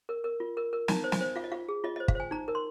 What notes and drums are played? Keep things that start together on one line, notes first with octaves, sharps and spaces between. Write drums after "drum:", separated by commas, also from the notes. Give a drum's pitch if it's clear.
A#4
A#4
F4
A#4
A#4
D#4 A#5, drum: snare
C5
G#5, drum: snare
C5
F4 F5
D#5
F4 F5
G#4
F4 D#5
D#5
C5
F5, drum: kick
C5 G#5
D#4 A#5
A#4
C6